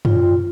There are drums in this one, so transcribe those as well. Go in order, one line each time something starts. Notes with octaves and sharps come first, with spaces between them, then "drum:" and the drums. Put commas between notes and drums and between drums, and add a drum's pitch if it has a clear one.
F4, drum: tom F#2